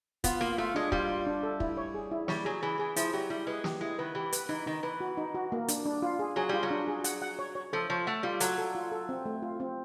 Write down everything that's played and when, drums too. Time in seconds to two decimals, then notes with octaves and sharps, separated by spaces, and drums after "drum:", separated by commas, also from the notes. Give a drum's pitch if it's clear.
0.24 B3 F4, drum: kick, hi-hat
0.41 A#3 F4
0.58 A3 F4
0.75 G#3 D4
0.92 G3 F4, drum: kick
1.09 F4
1.27 D4
1.43 A4
1.60 E4, drum: kick
1.77 C#5
1.94 G#4
2.11 E4
2.28 G3 C#5, drum: snare
2.45 F#3 G#4
2.62 E3 G#4
2.79 E3 G#4
2.96 F3 E4, drum: hi-hat
3.13 F#3 G4
3.30 G3 E4
3.47 G#3 B4
3.64 G4, drum: snare
3.81 G#3 E4
3.98 D#3 B4
4.15 E3 G4
4.33 B4, drum: hi-hat
4.49 E3 D#4
4.66 D#3 D#4
4.83 E3 B4
5.00 F#4
5.17 D#4
5.35 F#4
5.52 A#3
5.68 D4, drum: hi-hat
5.86 D4
6.02 F4
6.19 G#4
6.36 F#3 G#4
6.49 G3 F4
6.63 F#3
6.71 D4
6.87 G#4
7.04 F#5, drum: hi-hat
7.22 F#5
7.39 C#5
7.55 C#5
7.73 F3 A4
7.90 F3 C#5
8.07 A3 F#5
8.23 G3 F4
8.40 F#3 A4, drum: hi-hat
8.58 A4
8.75 F4
8.92 A4
9.09 C4
9.26 A3
9.43 F4
9.60 C4